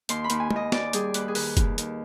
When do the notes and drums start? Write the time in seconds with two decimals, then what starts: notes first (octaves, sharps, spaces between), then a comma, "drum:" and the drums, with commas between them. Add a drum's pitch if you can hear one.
0.09 D#2 C6, drum: hi-hat
0.24 B5
0.30 D#2, drum: hi-hat
0.40 G#5
0.51 D#2, drum: tom
0.56 D#5
0.72 D#2 D5, drum: snare
0.93 G3 G#4, drum: hi-hat
1.14 D#2 B4, drum: hi-hat
1.28 G#4
1.35 D#3 B4, drum: open hi-hat
1.57 D#2, drum: kick F#1, hi-hat
1.78 D#2, drum: hi-hat